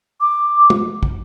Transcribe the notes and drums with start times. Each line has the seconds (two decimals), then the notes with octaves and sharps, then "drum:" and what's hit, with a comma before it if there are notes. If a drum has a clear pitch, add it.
0.21 D6
0.70 drum: tom
1.03 drum: kick